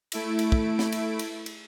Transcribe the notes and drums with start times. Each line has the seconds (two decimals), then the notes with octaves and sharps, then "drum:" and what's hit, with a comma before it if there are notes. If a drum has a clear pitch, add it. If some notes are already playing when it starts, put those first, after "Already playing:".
0.12 A3 E4 D7, drum: cymbal
0.39 drum: cymbal
0.52 drum: kick
0.79 drum: snare
0.92 drum: cymbal
1.19 drum: cymbal
1.46 drum: cymbal